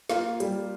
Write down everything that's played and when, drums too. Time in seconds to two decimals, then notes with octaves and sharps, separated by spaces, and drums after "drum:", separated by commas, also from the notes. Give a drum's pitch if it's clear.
0.09 A#3 F4, drum: snare
0.40 G3, drum: hi-hat